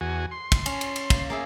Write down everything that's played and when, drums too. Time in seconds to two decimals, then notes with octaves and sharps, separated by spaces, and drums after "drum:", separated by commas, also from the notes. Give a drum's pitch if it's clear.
0.01 E2 F#4 G#5
0.31 C6
0.52 drum: kick, cymbal
0.66 C#4, drum: cymbal
0.81 drum: cymbal
0.96 drum: cymbal
1.10 A#3, drum: kick, cymbal
1.30 A#3 G#4 E5